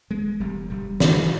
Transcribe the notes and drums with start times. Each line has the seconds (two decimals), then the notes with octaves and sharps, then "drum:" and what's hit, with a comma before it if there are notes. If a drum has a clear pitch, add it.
0.10 E1 G#3
0.40 E1 G3
0.70 E1 G3
1.00 E1 D#3, drum: snare